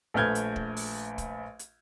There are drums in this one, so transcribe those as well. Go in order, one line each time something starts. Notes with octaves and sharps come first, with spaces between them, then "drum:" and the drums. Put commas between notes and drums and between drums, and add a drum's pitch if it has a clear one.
A#1 A3 B4 F6 G6 G#6
drum: hi-hat
drum: kick
drum: open hi-hat
drum: kick, hi-hat
drum: hi-hat